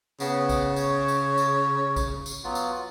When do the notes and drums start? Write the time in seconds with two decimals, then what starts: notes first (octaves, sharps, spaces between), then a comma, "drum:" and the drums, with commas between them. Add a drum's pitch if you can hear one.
0.20 C#3 B3, drum: tambourine
0.49 drum: kick A#1, tambourine
0.76 C#5, drum: tambourine
1.08 drum: tambourine
1.38 drum: tambourine
1.96 drum: kick A#1, tambourine
2.26 drum: tambourine
2.44 F#3 B3 F4
2.55 drum: tambourine